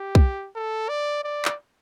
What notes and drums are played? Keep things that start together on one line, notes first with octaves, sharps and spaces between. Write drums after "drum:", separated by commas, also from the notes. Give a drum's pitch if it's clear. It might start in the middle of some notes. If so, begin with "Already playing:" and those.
Already playing: G4
drum: kick
A4
D5
D5
drum: clap